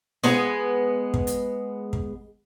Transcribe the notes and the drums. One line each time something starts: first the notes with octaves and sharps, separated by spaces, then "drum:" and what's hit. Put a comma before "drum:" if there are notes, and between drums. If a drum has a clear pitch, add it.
G#3 B3, drum: snare
drum: kick
drum: hi-hat
drum: kick